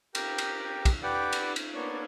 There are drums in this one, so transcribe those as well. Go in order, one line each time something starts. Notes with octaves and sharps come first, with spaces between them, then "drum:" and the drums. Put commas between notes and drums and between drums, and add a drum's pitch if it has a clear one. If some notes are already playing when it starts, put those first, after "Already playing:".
G4 A#4 G5, drum: cymbal
drum: cymbal
drum: kick, cymbal
G4 B4 D5 F#5 G5 D6
drum: cymbal
drum: cymbal
A#3 B3 D4 C#5